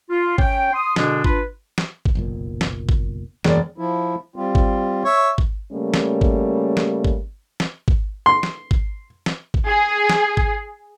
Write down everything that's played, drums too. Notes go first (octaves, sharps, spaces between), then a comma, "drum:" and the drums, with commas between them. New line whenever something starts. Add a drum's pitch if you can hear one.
F4
C#4 C#5 G5, drum: kick
C6 D#6
B2 D3 G#3 D4, drum: snare
D4 F4 B4, drum: kick
drum: snare
drum: kick
F#1 B1 A#2
drum: snare
drum: kick
E1 F#2 A#3 D5, drum: snare
F3 E4
G3 C4 F4
drum: kick
C#5 E5
drum: kick
C#3 G3 A3 A#3 C#4
drum: snare
drum: kick
drum: snare
drum: kick
drum: snare
drum: kick
C6
drum: snare
drum: kick
drum: snare
drum: kick
G#4
drum: snare
drum: kick